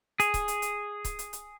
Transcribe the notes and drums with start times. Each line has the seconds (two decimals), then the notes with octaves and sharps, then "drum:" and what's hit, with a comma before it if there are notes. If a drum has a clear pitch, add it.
0.20 G#4, drum: hi-hat
0.34 drum: kick C#1, hi-hat
0.48 drum: hi-hat
0.62 drum: hi-hat
1.05 drum: kick C#1, hi-hat
1.19 drum: hi-hat
1.33 drum: hi-hat